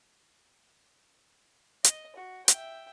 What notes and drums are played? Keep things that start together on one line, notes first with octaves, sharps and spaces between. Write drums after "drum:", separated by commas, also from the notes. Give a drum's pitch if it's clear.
D#5, drum: hi-hat
F#4
E5 G5, drum: hi-hat